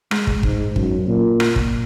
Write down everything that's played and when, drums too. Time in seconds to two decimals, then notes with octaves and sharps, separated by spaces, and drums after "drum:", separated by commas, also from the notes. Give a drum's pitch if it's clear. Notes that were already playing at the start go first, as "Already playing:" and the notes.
0.11 G#3, drum: rim click
0.27 drum: kick
0.43 G#2, drum: kick
0.76 F#2, drum: kick
1.07 A#2
1.40 drum: rim click
1.56 drum: kick